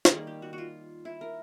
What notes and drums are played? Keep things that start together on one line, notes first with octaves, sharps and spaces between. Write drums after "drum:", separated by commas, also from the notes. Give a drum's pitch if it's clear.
A4, drum: snare
D#3 G3 A#3 G#4
G4
F#4
F#4
F4
E4
A#4